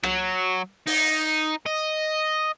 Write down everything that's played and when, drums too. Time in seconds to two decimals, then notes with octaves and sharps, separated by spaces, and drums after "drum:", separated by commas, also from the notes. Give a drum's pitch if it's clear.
0.03 F#3, drum: rim click
0.87 D#4, drum: open hi-hat
1.66 D#5